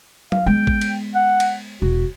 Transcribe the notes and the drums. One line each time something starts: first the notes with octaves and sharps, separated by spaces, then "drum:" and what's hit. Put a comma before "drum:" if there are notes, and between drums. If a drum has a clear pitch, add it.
F5, drum: tom F#3
G#3 B3 G5
drum: kick A1
drum: cymbal
F#5
drum: cymbal
E1 F#4